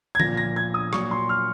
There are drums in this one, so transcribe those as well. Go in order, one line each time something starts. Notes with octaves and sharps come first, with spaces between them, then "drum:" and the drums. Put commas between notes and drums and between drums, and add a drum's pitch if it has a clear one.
G#6
A#2 F3 A#6, drum: tom D3
A#6
G#6
D#6
A#2 F#3 C#6, drum: rim click
C6
F6